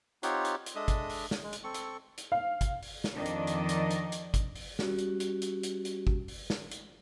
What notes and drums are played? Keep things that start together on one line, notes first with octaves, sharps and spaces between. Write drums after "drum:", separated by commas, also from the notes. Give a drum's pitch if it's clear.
C4 D#4 F4 G4 C#5 F#5, drum: hi-hat
drum: hi-hat
drum: hi-hat
G#3 D4 A4 D#5 E5 D#6
drum: kick G#1, hi-hat
drum: open hi-hat
drum: snare
G#3
drum: hi-hat
C4 A4 C#6
drum: hi-hat
drum: hi-hat
F5
drum: kick G#1, hi-hat
drum: open hi-hat
drum: snare
F2 D#3 D4 D5 D#5
drum: hi-hat
drum: hi-hat
drum: hi-hat
drum: hi-hat
drum: hi-hat
drum: kick G#1, hi-hat
drum: open hi-hat
G3 C#4 F#4 G4, drum: snare
drum: hi-hat
drum: hi-hat
drum: hi-hat
drum: hi-hat
drum: hi-hat
drum: kick G#1
drum: open hi-hat
drum: snare
drum: hi-hat